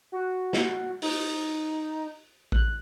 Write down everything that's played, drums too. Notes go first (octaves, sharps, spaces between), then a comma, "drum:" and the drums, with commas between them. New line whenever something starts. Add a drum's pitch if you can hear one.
F#4
drum: snare
D#4, drum: open hi-hat
F#6, drum: kick A1